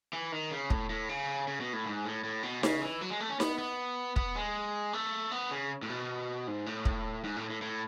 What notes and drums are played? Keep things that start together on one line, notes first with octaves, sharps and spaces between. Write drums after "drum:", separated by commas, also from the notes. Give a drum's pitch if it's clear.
E3
D#3
C#3
A2, drum: kick
A2
C#3
C#3
B2
A2
G#2
A2
A2
B2
C#3, drum: snare D#4
E3
F#3
G#3
A3
C#4
B3, drum: snare D#4
B3
B3, drum: kick
G#3
A3
B3
C#3
A2
B2
G#2
A2
drum: kick
G#2
A2
A2
A2